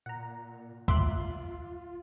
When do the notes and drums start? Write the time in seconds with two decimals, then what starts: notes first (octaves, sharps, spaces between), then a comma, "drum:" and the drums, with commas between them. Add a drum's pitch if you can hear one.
0.06 A#2 F#5 A#5
0.88 F4 E5 C6 D6 F#6, drum: kick C#2